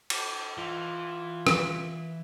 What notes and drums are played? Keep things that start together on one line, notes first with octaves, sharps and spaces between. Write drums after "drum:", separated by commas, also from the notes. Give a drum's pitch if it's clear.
drum: cymbal
E3 F4
drum: rim click